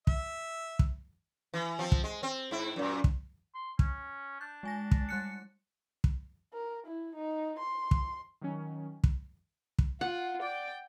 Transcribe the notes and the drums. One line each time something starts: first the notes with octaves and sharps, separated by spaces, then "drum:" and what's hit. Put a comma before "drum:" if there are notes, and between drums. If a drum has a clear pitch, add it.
E5, drum: kick
drum: kick
E3
F3 C4
drum: kick
G#3
C4
G#2 E4
F#2 A#2
drum: kick
C6
C#4, drum: kick
D4 G6
G#3 G#5 A#6
drum: kick
G3 F#6 C#7
drum: kick
A#4
E4
D#4
C6
drum: kick
D#3 F#3 C#4
drum: kick
drum: kick
F4 F#5
D5 G5